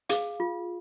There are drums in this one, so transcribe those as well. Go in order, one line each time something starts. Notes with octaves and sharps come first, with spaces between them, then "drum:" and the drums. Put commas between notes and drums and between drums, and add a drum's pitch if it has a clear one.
G#4 F5, drum: hi-hat
F4